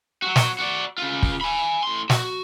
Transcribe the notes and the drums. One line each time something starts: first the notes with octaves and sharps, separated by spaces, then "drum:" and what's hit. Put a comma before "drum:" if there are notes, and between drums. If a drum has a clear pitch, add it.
F#3 F#4
drum: snare
F#4 D5
C#3 F4
drum: kick
G#5 B5
A2 C6
F#4, drum: snare